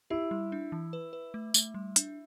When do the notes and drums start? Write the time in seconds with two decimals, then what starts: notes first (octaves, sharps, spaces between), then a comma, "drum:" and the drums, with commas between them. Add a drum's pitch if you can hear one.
0.10 E4 G4
0.31 G3
0.52 D4
0.72 E3
0.93 B4
1.13 B4
1.34 A3
1.54 A3, drum: tambourine
1.74 G3
1.96 D4, drum: hi-hat